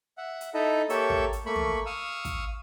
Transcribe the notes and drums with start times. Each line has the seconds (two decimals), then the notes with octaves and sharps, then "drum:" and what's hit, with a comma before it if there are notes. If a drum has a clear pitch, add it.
0.18 E5 F#5
0.41 drum: hi-hat
0.54 D#4 E4 A4 D#5 E5
0.90 A#3 G4 A4 C#5 E5 E6, drum: hi-hat
1.10 drum: kick
1.33 drum: hi-hat
1.46 A3 A#3 B5 C#6
1.56 drum: tom
1.86 F5 C#6 D#6 E6
2.25 drum: kick, hi-hat